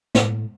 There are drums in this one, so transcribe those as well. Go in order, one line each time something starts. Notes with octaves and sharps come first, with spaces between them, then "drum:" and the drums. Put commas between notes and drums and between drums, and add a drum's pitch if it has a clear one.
A2, drum: snare